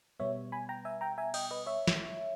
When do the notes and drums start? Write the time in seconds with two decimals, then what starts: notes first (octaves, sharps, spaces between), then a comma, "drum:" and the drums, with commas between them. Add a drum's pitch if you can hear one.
0.20 B2 G3 B3 C#5 E5
0.52 G#5 B5
0.69 G5 A#5
0.85 E5 G#5
1.01 G5 A#5
1.18 E5 G#5
1.34 D#5 G5, drum: cymbal
1.51 B4 D#5
1.66 C#5 E5
1.87 drum: snare